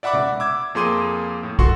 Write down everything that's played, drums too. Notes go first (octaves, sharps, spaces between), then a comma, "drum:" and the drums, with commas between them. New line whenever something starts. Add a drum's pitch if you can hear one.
D5 E5 F#5 B5 D6
drum: tom C3
D6 E6 G#6
F2 A#3 G#4 C6 D6 D#7
A2
F#4 A4 C6 C#6, drum: kick